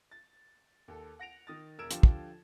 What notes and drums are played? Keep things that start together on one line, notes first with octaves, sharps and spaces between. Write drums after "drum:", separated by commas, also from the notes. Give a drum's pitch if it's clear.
A6
D#2 A4
F#5 A#6 D7 F7
D#3 D#6 A6
E1 A#4 E6 G#6 D7 E7
D3 F3 F4 G4 A4, drum: hi-hat
drum: kick